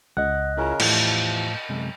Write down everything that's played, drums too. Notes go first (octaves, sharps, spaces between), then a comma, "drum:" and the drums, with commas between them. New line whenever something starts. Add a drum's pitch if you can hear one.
C#2 D#5 F#5 F#6
C#3 C#4 E4 F4 A#4
E2 A2 F3 E4 G4, drum: cymbal
F#2 C3 G#3